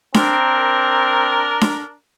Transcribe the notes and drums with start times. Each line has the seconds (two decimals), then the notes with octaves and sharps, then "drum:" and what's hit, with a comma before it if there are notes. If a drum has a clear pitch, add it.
0.14 C4 D4 A#4, drum: snare D4
1.61 drum: snare D4